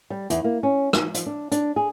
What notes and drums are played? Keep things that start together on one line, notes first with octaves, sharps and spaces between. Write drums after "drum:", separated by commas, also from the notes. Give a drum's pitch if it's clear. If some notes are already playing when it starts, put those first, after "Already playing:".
G3
E2, drum: hi-hat
A#3
C#4
D#4, drum: rim click
F3, drum: hi-hat
D4
D4, drum: hi-hat
G#4